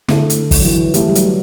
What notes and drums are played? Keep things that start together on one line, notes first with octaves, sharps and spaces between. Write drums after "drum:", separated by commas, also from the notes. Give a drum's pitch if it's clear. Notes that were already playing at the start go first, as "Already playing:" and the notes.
D3 A3 E4 A4, drum: snare
drum: hi-hat
drum: kick, open hi-hat
F#3
E3
E3 A3 E4 G4, drum: hi-hat
G3
F#3, drum: hi-hat